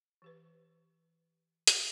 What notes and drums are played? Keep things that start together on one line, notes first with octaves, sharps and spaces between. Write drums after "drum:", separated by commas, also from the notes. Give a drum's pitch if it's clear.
E3 G4 B4
drum: hi-hat